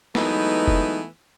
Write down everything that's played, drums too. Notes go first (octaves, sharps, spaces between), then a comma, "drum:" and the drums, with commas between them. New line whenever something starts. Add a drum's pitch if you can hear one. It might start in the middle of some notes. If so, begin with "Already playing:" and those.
E3 F#3 G#3 A3 B3 D#4, drum: snare
drum: kick F1